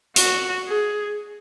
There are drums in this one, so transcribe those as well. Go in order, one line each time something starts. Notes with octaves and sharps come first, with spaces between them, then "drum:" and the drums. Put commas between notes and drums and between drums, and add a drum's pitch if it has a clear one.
F#4, drum: hi-hat
G#4